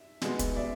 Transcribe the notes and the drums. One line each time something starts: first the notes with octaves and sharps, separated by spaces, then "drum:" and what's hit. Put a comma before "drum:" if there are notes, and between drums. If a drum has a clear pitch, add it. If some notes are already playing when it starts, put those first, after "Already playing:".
Already playing: E5
B2 G#3 B3, drum: snare
drum: kick, hi-hat
D5 E5